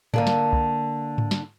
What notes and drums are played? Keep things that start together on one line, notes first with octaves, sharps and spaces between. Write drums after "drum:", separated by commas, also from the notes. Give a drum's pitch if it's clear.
D3 A#3 D4, drum: tom G#2
drum: snare
drum: kick
drum: tom G#2
drum: snare